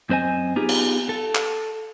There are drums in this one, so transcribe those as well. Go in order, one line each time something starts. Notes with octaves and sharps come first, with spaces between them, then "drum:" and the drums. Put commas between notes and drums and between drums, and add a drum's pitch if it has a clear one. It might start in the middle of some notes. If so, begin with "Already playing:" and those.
F#2 C4 C5 D#5 G#5
B3 D#4 F4 G4 G#4
drum: cymbal
A4
drum: clap